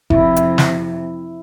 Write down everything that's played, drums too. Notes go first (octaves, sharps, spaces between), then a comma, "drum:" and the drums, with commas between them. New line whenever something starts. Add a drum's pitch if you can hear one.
F2 C3 E4, drum: kick F#1
drum: hi-hat
drum: snare